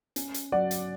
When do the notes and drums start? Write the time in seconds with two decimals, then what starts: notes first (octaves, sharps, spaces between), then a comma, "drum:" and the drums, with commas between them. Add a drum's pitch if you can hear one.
0.16 C#4, drum: hi-hat
0.34 drum: hi-hat
0.52 F#3 D5 F#5
0.71 drum: hi-hat